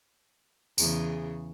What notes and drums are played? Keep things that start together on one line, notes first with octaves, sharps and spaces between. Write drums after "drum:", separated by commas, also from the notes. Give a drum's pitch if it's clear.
E2 C#3, drum: tambourine